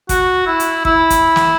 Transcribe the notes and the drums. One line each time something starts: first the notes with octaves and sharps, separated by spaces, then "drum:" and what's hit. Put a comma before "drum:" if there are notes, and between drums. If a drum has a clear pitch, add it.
F#4, drum: kick, hi-hat
E4
drum: hi-hat
E4, drum: kick
drum: kick, hi-hat
drum: snare